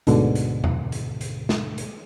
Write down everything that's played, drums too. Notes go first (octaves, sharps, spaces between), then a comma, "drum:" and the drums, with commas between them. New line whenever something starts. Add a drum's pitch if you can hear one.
D2 G#2 B2 D3, drum: hi-hat
drum: hi-hat
drum: tom E2
drum: hi-hat
drum: hi-hat
drum: snare
drum: hi-hat